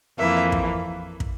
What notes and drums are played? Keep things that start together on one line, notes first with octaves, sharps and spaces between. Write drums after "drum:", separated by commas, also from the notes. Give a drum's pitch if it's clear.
F2 E3 A#3 E5
drum: kick
drum: kick